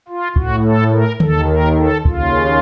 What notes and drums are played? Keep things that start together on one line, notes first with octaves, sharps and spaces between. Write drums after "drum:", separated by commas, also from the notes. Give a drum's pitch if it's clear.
F4
A2 F#4, drum: kick
A4
A#4
D#2 D#3 A4, drum: tom D3
A#4
A4
D#2 F4, drum: kick
C#3